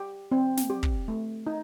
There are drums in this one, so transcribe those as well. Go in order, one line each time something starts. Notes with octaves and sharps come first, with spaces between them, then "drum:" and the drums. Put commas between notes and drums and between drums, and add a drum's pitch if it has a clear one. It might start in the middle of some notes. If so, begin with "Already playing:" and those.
Already playing: G4
C4
drum: snare
G4
drum: kick
A3
D#4